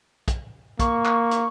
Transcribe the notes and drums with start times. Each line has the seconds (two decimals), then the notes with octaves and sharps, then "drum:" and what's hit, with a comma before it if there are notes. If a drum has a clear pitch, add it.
0.28 drum: kick, hi-hat
0.79 A#3 C#6, drum: kick, hi-hat
1.05 drum: clap
1.31 drum: hi-hat